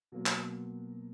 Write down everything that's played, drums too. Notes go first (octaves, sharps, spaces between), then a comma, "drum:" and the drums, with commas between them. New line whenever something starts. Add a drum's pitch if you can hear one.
B2 F#3 A#3 F4
drum: clap